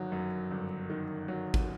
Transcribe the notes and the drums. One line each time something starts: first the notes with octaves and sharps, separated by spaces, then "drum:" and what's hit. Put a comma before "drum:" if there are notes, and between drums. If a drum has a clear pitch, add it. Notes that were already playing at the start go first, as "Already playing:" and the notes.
Already playing: G1 D#3 F#3
F#2
G1
D#3
F#3
drum: kick G#1